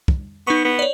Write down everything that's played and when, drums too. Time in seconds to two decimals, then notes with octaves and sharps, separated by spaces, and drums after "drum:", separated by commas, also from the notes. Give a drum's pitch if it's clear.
0.08 drum: kick
0.47 B3 D#4 C#6
0.64 B3
0.79 C#5 D5